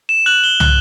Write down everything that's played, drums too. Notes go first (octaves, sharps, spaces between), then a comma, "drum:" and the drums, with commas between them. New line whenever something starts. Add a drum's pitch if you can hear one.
E7
F#6 F#7
G7
F#6, drum: tom